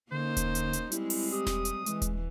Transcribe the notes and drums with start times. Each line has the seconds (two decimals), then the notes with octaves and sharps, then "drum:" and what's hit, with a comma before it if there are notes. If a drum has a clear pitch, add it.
0.11 D3 A#3 C#4 D#4 C5
0.37 drum: kick D#1, hi-hat
0.55 drum: hi-hat
0.73 drum: hi-hat
0.92 G3 G#3 C4 E4, drum: hi-hat
1.10 drum: open hi-hat
1.33 G4 D#6
1.47 drum: snare E1
1.65 drum: hi-hat
1.86 E3 G#3, drum: hi-hat
2.02 drum: kick D#1, hi-hat